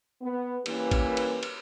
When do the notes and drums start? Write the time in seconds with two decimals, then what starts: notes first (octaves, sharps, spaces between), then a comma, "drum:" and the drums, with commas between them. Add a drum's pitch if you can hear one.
0.22 B3
0.66 E3 G3 A#3 C#4 A#4 B4, drum: cymbal
0.91 drum: kick, cymbal
1.17 drum: cymbal
1.43 drum: cymbal